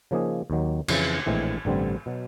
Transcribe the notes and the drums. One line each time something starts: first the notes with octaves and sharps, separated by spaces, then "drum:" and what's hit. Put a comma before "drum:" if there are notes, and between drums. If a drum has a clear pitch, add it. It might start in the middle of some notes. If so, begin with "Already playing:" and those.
C#3 F3 A#3 D#4 G#4
D#2 D#3 F#3
F2 C#3 E3, drum: cymbal
A#1 A2 E3 G#3 C4
A1 G2 D3 G3 C4
B2 F#3